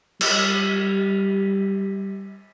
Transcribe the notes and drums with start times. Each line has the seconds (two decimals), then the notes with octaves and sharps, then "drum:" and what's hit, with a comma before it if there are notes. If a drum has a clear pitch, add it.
0.21 G3, drum: cymbal